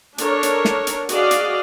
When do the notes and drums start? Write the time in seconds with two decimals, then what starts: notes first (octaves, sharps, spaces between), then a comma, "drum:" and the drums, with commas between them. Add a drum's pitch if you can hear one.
0.18 D4 A4 A#4 C#5, drum: hi-hat
0.43 drum: hi-hat
0.65 drum: snare
0.87 drum: hi-hat
1.09 F#4 G#4 D5 D#5 F5, drum: hi-hat
1.31 drum: hi-hat